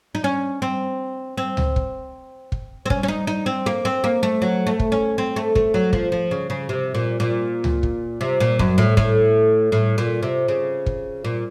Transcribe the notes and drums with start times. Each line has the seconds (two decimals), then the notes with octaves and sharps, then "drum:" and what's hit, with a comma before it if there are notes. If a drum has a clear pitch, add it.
0.15 D#4
0.24 C#4
0.62 C4
1.38 C4
1.57 drum: tom C#2
1.76 drum: kick
2.52 drum: kick
2.86 C4
2.90 C#4, drum: kick
3.03 C#4
3.08 D#4
3.27 D#4
3.46 C4
3.66 A#3
3.85 C4
4.04 A#3
4.23 A3
4.42 F#3
4.67 A3
4.79 drum: kick
4.92 C#4
5.18 C4
5.36 A3
5.55 A3, drum: kick
5.74 F#3
5.93 F3, drum: kick
6.12 F3
6.31 C#3
6.50 C#3
6.69 C3
6.95 A#2
7.20 A#2
7.64 drum: tom C#2
7.83 drum: kick
8.21 C3
8.40 A#2
8.59 F#2, drum: kick
8.78 A2
8.97 A2, drum: kick
9.72 A2
9.98 A#2
10.23 C3
10.48 C#3
10.86 drum: kick
11.25 A#2